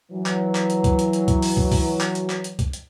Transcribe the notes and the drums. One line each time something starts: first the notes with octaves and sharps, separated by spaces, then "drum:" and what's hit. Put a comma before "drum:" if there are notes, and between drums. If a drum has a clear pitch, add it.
E3 F#3
drum: clap
drum: clap
drum: hi-hat
drum: kick, hi-hat
drum: hi-hat
drum: hi-hat
drum: kick, hi-hat
drum: open hi-hat
drum: kick
drum: kick, open hi-hat
drum: clap
drum: hi-hat
drum: clap
drum: hi-hat
drum: kick, hi-hat
drum: hi-hat